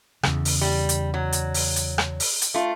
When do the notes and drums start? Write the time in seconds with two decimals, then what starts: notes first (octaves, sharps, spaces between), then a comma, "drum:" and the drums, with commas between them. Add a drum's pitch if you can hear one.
0.23 E2 C#3, drum: rim click
0.45 drum: open hi-hat
0.61 G3
0.89 drum: hi-hat
1.14 F#3
1.33 drum: hi-hat
1.54 drum: open hi-hat
1.76 drum: hi-hat
1.98 drum: rim click
2.20 drum: open hi-hat
2.42 drum: hi-hat
2.54 A3 F4